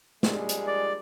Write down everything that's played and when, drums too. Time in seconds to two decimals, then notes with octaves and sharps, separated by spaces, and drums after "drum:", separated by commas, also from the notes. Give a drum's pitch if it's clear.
0.23 A#1 G3 G#3, drum: snare
0.49 drum: hi-hat
0.67 D5